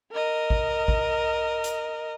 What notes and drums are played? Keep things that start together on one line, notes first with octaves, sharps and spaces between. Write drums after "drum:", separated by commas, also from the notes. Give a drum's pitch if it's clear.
A#4 D#5
drum: kick
drum: kick
drum: hi-hat